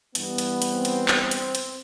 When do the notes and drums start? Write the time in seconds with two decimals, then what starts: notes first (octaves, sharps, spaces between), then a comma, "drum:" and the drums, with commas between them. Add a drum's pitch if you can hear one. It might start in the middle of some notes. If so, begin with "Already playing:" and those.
0.15 G2 E3 B3, drum: hi-hat
0.38 drum: hi-hat
0.62 drum: hi-hat
0.73 C4
0.85 drum: hi-hat
1.08 drum: clap
1.31 drum: hi-hat
1.55 drum: hi-hat